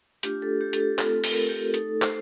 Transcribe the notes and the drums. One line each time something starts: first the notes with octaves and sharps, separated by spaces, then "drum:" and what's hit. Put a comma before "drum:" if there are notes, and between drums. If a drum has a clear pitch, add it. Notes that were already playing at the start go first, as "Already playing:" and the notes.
A3 D4 F4 G4, drum: hi-hat
A4
G4
A4, drum: hi-hat
G4
A3 C4 F4 A4, drum: clap
A4, drum: open hi-hat
A#4
A4
G4
A3 D#4 A4, drum: hi-hat
C5, drum: clap